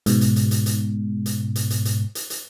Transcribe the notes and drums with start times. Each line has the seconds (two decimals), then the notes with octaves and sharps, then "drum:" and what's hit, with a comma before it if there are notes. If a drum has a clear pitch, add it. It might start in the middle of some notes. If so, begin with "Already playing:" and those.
0.06 G#2 B2, drum: hi-hat
0.21 drum: hi-hat
0.36 drum: hi-hat
0.51 drum: hi-hat
0.66 drum: hi-hat
1.26 drum: hi-hat
1.55 drum: hi-hat
1.70 drum: hi-hat
1.85 drum: hi-hat
2.15 drum: hi-hat
2.30 drum: hi-hat